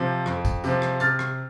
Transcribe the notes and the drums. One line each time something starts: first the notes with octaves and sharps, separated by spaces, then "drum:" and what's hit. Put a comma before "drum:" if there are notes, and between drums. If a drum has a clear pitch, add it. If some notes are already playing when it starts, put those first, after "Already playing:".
Already playing: C3 F3
F2, drum: rim click
drum: kick, tambourine
C3 F3, drum: tambourine
drum: rim click
C3 F6 A6, drum: tambourine
drum: rim click